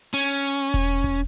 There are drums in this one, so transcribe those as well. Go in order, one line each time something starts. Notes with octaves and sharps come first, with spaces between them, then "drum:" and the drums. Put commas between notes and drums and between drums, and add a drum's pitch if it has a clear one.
C#4, drum: hi-hat
drum: hi-hat
drum: kick E1, hi-hat
drum: kick E1, hi-hat